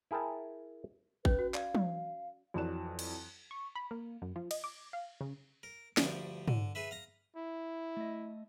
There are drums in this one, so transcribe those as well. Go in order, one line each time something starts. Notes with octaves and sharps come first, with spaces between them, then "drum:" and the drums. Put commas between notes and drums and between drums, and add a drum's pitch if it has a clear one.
E4 G#4 A#4 G5 A5
C#4 B4, drum: kick
F#4
D5 F5, drum: clap
drum: tom
F2 E3 F#3 D5 F#6 E7
drum: cymbal
C#6
B5
A#3
F#2
F3
D#5, drum: cymbal
D6
F5
C#3
A#4
D2 G2 F3 G3 G5 C#6, drum: snare
D3, drum: tom
G#4 B4 E5
F5 A#5
E4
A3 D#5